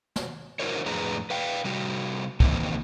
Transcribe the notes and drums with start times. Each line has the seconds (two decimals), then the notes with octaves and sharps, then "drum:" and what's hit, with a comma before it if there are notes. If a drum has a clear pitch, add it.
0.16 drum: snare
0.59 D4 E4 F#4 A#4 C5 C#5
0.86 F2 A2 D4 G#4 B4 A#5
1.30 B4 F5 G5
1.65 C3 G3 F#4
2.40 C3 D#3 E3 A#3 C4, drum: kick